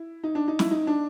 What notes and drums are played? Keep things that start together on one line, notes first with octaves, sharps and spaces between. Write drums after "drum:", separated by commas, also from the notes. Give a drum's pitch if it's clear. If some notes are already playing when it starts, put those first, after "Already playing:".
Already playing: E4
D#4
D4
D#4
E4, drum: snare
D#4
D4